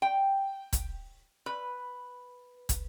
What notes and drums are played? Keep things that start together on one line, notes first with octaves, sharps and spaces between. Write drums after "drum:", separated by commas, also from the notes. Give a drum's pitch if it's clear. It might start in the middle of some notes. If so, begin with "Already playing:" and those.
G5
drum: kick, hi-hat
B4
drum: kick, hi-hat